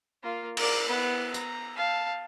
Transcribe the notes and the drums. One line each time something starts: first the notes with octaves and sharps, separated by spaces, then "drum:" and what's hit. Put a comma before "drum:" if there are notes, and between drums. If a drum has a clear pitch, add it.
A#3 F4
A#4 D5, drum: cymbal
B3 E4
A#5, drum: tambourine
F5 A5